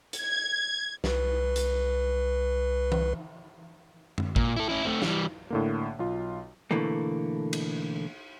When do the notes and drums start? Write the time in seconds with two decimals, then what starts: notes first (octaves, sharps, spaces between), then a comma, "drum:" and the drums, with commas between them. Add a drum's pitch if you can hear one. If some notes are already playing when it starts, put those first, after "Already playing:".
0.13 G#6, drum: hi-hat
1.04 C2 B4, drum: snare
1.56 drum: hi-hat
2.92 drum: tom E3
4.18 drum: tom
4.36 A#2, drum: kick G#1
4.56 E4 A4
4.69 C#4 E4
4.85 A3 C4
5.02 E3 G3, drum: snare
5.50 A2 D3 A#3
5.99 B1 F4
6.71 B2 D3 E3 A3 A#3
7.53 drum: cymbal